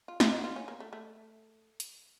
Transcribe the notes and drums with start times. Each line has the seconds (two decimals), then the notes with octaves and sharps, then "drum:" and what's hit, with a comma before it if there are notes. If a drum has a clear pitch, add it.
0.08 F4
0.20 D#4, drum: snare
0.33 D#4
0.39 F#4
0.44 F4
0.56 C#4
0.68 A#3
0.80 A3
0.93 A3
1.80 drum: hi-hat